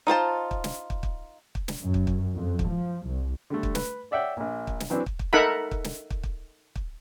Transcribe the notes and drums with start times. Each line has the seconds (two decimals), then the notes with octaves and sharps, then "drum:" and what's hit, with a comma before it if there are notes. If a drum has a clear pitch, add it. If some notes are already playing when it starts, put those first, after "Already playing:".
0.07 D#4 F4 C5 A5
0.51 drum: kick
0.64 drum: snare
0.90 drum: kick
1.03 drum: kick
1.55 drum: kick
1.68 drum: snare
1.82 F#2
1.94 drum: kick
2.07 drum: kick
2.34 F2
2.59 drum: kick
2.68 F3
3.07 C2
3.50 D3 G3 A3
3.63 drum: kick
3.75 B4, drum: snare
4.11 C#5 D5 E5 F#5 G5
4.37 A#1 A#2
4.67 drum: kick
4.80 drum: snare
4.90 E3 F#3 C4 D4 E4
5.06 drum: kick
5.19 drum: kick
5.33 D#4 A4 A#4 E5 F#5 B5
5.71 drum: kick
5.84 drum: snare
6.10 drum: kick
6.23 drum: kick
6.76 drum: kick